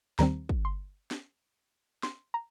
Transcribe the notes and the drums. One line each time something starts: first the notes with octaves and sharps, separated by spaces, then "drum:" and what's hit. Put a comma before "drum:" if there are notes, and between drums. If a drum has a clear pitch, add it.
D#2 D#3 G3 C4 A#5, drum: snare
drum: kick
C6
drum: snare
C6, drum: snare
A#5